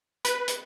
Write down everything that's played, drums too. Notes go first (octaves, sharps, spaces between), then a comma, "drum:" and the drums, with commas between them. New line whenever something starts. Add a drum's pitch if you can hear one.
B4, drum: hi-hat
drum: hi-hat